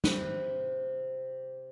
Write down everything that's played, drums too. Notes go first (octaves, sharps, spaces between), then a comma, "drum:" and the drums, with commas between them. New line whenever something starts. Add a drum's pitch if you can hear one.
C3 B4 C5, drum: snare